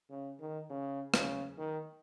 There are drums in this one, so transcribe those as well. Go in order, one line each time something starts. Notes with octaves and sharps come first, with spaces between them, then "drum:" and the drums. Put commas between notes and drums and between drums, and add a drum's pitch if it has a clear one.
C#3
D#3
C#3
C#3, drum: rim click
D#3